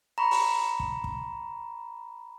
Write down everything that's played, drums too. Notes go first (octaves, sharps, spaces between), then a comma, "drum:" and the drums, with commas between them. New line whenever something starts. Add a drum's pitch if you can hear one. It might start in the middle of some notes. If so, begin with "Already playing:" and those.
A#5 B5 C#6
drum: open hi-hat
drum: kick
drum: kick